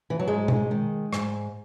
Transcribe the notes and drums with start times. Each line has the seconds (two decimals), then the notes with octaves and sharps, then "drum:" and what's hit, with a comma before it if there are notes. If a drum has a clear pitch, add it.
0.10 E3
0.20 F#3
0.27 G#2 G#3
0.48 drum: tom B2
0.71 D#3
1.13 G#2, drum: rim click